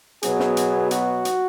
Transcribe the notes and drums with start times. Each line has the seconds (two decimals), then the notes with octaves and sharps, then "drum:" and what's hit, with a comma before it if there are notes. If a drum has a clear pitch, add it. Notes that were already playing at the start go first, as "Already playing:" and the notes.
0.23 B2 F#3 B3 G#4, drum: hi-hat
0.40 drum: snare
0.57 drum: hi-hat
0.91 F#4, drum: hi-hat
1.25 drum: hi-hat